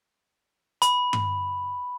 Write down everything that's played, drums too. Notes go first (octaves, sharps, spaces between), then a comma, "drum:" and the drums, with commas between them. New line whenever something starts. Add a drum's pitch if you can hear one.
B5, drum: hi-hat
drum: tom G2